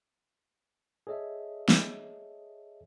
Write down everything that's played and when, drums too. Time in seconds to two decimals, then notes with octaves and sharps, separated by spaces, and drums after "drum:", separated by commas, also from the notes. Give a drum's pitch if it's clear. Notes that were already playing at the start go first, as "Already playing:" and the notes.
1.07 G#4 A4 C#5 D#5 E5
1.69 drum: snare